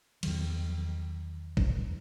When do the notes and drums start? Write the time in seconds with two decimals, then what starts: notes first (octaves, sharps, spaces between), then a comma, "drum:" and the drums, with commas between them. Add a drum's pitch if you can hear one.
0.23 E2 D#3 F3 F#3, drum: cymbal
1.57 drum: kick